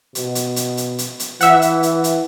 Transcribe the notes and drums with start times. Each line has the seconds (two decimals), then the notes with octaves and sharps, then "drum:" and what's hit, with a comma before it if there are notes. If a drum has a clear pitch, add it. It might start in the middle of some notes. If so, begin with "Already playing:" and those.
0.15 B2, drum: hi-hat
0.35 drum: hi-hat
0.56 drum: hi-hat
0.77 drum: hi-hat
0.98 drum: hi-hat
1.20 drum: hi-hat
1.41 E3 E5 F#5, drum: hi-hat
1.62 drum: hi-hat
1.83 drum: hi-hat
2.04 drum: hi-hat